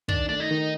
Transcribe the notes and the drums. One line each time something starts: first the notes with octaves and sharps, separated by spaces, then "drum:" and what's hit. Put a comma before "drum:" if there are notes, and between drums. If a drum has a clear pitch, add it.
D#3 D4, drum: kick
A3 D4
D#4
D#3